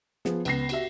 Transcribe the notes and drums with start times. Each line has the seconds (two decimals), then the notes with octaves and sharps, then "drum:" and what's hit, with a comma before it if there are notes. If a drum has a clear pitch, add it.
0.25 F3 B3 G#4, drum: snare
0.45 C#2 B3 A#6 C7, drum: cymbal
0.69 F#4 G4 E5, drum: cymbal